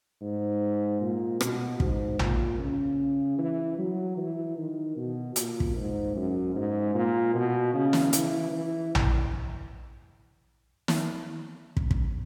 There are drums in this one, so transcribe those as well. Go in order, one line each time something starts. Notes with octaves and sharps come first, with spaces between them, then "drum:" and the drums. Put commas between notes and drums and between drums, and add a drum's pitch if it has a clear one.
G#2
A#2
B2, drum: rim click
G#2, drum: kick
A#2, drum: tom A#1
C#3
E3
F#3
E3
D#3
B2
A#2, drum: hi-hat
drum: kick
G#2
F#2
G#2
A#2
B2
C#3
drum: snare
E3, drum: hi-hat
E3
drum: tom A#1
drum: snare
drum: kick
drum: kick